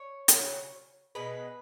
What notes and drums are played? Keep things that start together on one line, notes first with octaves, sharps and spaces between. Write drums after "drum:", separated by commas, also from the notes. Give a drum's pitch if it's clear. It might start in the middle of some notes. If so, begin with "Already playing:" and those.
Already playing: C#5
C#3 F#3, drum: hi-hat
B2 G#3 B4